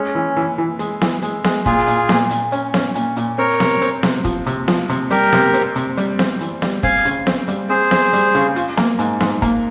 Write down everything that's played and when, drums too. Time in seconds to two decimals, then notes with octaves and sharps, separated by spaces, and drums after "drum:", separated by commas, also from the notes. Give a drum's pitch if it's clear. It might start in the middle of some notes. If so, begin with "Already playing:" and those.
Already playing: G#3 C#4
0.15 E3
0.37 E3
0.58 E3
0.79 G#3, drum: hi-hat
1.01 E3, drum: snare B3
1.22 G#3, drum: hi-hat
1.44 G#3, drum: snare B3
1.66 A#2 F4 G#4, drum: kick, hi-hat
1.87 A#2, drum: hi-hat
2.09 A#2, drum: snare B3
2.30 A#2, drum: hi-hat
2.52 C#4, drum: hi-hat
2.74 C#4, drum: snare B3
2.95 A#2, drum: hi-hat
3.17 A#2, drum: hi-hat
3.38 C4 A#4 C#5
3.60 C3, drum: snare B3
3.82 C4, drum: hi-hat
4.03 C3, drum: snare B3
4.25 F3, drum: kick, hi-hat
4.46 C3, drum: hi-hat
4.68 F3, drum: snare B3
4.89 C3, drum: hi-hat
5.11 G3 G4 A#4, drum: hi-hat
5.33 C3, drum: snare B3
5.54 C4, drum: hi-hat
5.76 C3, drum: hi-hat
5.97 G3, drum: hi-hat
6.19 C4, drum: snare B3
6.41 E3, drum: hi-hat
6.62 G3, drum: snare B3
6.83 C4 F5 G#5, drum: kick, hi-hat
7.05 C#3, drum: hi-hat
7.27 C4, drum: snare B3
7.48 G3, drum: hi-hat
7.69 C4 G#4 C5
7.91 C4, drum: snare B3
8.13 G3, drum: hi-hat
8.35 C#3, drum: hi-hat
8.56 F4, drum: hi-hat
8.77 A#3, drum: snare B3
8.99 G#2, drum: hi-hat
9.20 G#2, drum: snare B3
9.42 A#3, drum: kick, hi-hat